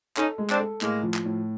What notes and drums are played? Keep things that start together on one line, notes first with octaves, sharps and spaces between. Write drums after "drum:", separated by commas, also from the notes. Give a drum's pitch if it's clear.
C#4 D#4 A4, drum: clap
G#3
C4 D4, drum: clap
A4
A2 G#3 A#3, drum: clap
F3
drum: clap
A2